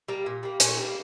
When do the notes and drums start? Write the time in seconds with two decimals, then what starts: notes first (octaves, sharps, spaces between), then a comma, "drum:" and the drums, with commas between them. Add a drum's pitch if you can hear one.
0.08 G3 A#3
0.26 A#2
0.43 G3 A#3
0.60 A#2 C#4, drum: hi-hat
0.77 G3 A#3